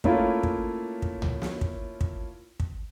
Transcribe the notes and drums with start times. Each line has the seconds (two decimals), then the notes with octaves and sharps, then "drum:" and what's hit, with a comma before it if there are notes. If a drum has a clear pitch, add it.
0.04 A3 A#3 C#4 E4 F4 C#5, drum: kick
0.43 drum: kick
1.02 drum: kick
1.22 drum: tom C#2
1.42 drum: snare
1.61 drum: kick
2.01 drum: kick
2.60 drum: kick